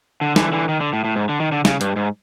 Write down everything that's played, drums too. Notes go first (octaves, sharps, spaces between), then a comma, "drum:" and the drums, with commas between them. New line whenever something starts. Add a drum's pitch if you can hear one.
D3
D3 E3, drum: snare
D3 E3
D#3
D3
A2
A2
G#2
D3
D#3
D3
C#3, drum: snare
G2, drum: hi-hat
G#2